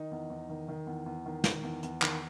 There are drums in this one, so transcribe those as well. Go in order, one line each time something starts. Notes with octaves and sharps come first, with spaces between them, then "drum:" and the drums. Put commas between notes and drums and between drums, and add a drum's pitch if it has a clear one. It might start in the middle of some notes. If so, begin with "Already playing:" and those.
Already playing: D#3 D#4
E2
E2
D#3
D#3
E2
E2
D#3
D#3, drum: snare
E2
E2, drum: hi-hat
D#3, drum: clap